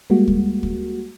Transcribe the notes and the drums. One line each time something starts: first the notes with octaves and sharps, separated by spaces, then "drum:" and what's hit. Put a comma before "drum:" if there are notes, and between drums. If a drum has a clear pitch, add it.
G3 G#3 A#3 F#4
drum: kick
drum: kick